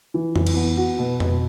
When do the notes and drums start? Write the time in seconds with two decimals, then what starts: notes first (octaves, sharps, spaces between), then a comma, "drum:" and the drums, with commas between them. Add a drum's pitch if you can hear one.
0.14 E3
0.36 E3, drum: tom F2
0.47 drum: cymbal
0.56 B3
0.77 F#4
0.99 B2
1.20 B2, drum: tom F2